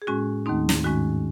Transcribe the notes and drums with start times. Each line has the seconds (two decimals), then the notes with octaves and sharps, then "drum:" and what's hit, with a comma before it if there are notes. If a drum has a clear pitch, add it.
0.02 G#4
0.07 A2 G#3 C#4 F#4
0.46 D#2 D#3 A3 C4 D#4
0.69 drum: snare
0.84 G#2 D#3 G#3 C#4 F#4